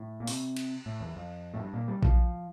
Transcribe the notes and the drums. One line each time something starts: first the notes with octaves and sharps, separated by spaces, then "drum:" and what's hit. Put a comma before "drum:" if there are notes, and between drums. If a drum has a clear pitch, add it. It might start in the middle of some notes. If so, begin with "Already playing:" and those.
Already playing: A2
A#2
C3, drum: open hi-hat
drum: cymbal
A2
E2
F2
A2
G2
A#2
G3
F3, drum: kick A#1